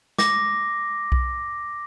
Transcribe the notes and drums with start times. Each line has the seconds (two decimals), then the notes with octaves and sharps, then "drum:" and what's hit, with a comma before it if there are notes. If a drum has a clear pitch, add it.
0.18 D6 A#6, drum: snare
1.12 drum: kick B1